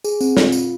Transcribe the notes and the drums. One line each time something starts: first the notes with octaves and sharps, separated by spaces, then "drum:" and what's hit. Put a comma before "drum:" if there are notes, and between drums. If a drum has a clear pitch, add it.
G#4, drum: tambourine
C4, drum: tambourine
F4, drum: snare
drum: tambourine